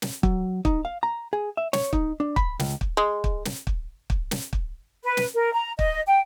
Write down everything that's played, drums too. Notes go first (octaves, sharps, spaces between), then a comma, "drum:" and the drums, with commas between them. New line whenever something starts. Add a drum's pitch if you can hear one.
drum: snare
F#3, drum: kick
D#4, drum: kick
F5
A#5
G#4
E5
C#5, drum: snare
D#4, drum: kick
D4
B5, drum: kick
C#2, drum: snare
drum: kick
G#3
drum: kick
drum: snare
drum: kick
drum: kick
drum: snare
drum: kick
B4
drum: snare
A#4
A#5
D#5, drum: kick
G5